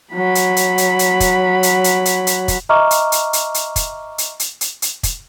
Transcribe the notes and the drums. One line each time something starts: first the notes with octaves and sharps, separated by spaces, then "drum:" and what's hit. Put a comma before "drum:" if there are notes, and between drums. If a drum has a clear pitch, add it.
F#3 B5
drum: hi-hat
drum: hi-hat
drum: hi-hat
drum: hi-hat
drum: kick, hi-hat
drum: hi-hat
drum: hi-hat
drum: hi-hat
drum: hi-hat
drum: kick, hi-hat
D#5 E5 A#5 C#6 D6 F6
drum: hi-hat
drum: hi-hat
drum: hi-hat
drum: hi-hat
drum: kick, hi-hat
drum: hi-hat
drum: hi-hat
drum: hi-hat
drum: hi-hat
drum: kick, hi-hat